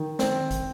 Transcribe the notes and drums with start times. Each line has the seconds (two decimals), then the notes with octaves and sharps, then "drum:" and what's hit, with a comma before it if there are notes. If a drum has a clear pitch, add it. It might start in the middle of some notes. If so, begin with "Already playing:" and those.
Already playing: D#3
0.19 C4, drum: snare
0.51 drum: kick, hi-hat